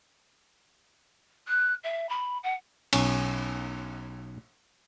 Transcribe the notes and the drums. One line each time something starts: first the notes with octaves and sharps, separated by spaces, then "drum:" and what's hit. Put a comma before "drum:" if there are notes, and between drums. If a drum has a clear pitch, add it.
F#6
E5
B5
F#5
B1 C#4, drum: cymbal